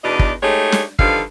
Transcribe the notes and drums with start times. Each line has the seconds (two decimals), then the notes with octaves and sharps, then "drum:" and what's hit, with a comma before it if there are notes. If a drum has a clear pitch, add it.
0.03 E2 B2 D4 D#4 D5 D#5
0.19 drum: kick
0.42 G#3 A3 D#4 G4 C#5
0.72 drum: snare
0.99 G2 D3 D#3 F3 A4 F5, drum: kick